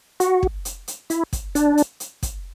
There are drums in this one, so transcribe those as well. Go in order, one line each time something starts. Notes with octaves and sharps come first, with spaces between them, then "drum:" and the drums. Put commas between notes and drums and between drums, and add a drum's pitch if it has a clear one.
F#4, drum: hi-hat
drum: kick
drum: hi-hat
drum: hi-hat
E4, drum: hi-hat
drum: kick, hi-hat
D4, drum: hi-hat
drum: hi-hat
drum: hi-hat
drum: kick, hi-hat